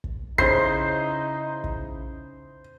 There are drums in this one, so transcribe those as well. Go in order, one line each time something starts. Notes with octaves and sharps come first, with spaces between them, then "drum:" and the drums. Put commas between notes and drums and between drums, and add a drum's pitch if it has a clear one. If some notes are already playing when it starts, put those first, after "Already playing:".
drum: kick
C#3 D#4 E4 C5 C7, drum: kick
drum: kick